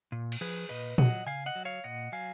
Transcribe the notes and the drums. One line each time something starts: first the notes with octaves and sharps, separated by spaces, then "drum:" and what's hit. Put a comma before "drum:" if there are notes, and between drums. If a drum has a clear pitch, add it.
A#2
drum: cymbal
F3 G#4 B4
A#2 B4 D#5
F#3 D#5 F#5, drum: tom A#2
C#3 F5 G#5
D#5 F#5
F#3
C#5 F5
A#2 D#5 F#5
F#3 F5 G#5